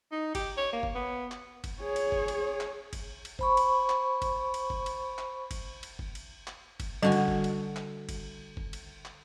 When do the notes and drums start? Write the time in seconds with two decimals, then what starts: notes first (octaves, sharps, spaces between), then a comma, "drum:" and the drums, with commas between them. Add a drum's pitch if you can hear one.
0.12 D#4
0.35 G4, drum: kick, cymbal
0.57 C#5
0.73 A#3
0.83 drum: kick
0.95 B3
1.32 drum: clap
1.64 drum: kick, cymbal
1.82 G#4 C#5
1.96 drum: cymbal
2.12 drum: kick
2.28 drum: cymbal
2.60 drum: clap
2.93 drum: kick, cymbal
3.25 drum: cymbal
3.39 C5 B5 C#6, drum: kick
3.57 drum: cymbal
3.89 drum: clap
4.22 drum: kick, cymbal
4.54 drum: cymbal
4.70 drum: kick
4.86 drum: cymbal
5.18 drum: clap
5.51 drum: kick, cymbal
5.83 drum: cymbal
5.99 drum: kick
6.15 drum: cymbal
6.47 drum: clap
6.80 drum: kick, cymbal
7.02 D3 G3 F#4 G#5
7.12 drum: cymbal
7.28 drum: kick
7.44 drum: cymbal
7.76 drum: clap
8.09 drum: kick, cymbal
8.57 drum: kick
8.73 drum: cymbal
9.05 drum: clap